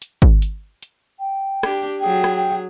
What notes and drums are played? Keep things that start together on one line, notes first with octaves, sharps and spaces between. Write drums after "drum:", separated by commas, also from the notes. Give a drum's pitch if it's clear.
drum: hi-hat
drum: kick G#1
drum: hi-hat
drum: hi-hat
G5
D4 G4, drum: rim click
F#3 G#4 G5
drum: rim click
G5